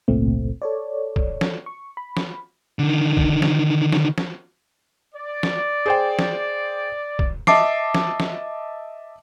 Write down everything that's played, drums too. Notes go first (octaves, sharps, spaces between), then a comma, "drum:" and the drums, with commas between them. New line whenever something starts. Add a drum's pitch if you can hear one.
G#1 C#2 A#2 A3 C4
A4 C#5 D5
drum: kick
drum: snare
C#6
B5
drum: snare
D3 D#3
drum: kick
drum: snare
drum: snare
drum: snare
D5
drum: snare
G#4 C5 G5
drum: snare
drum: kick
D#5 E5 A5 D6 C7, drum: snare
drum: snare
drum: snare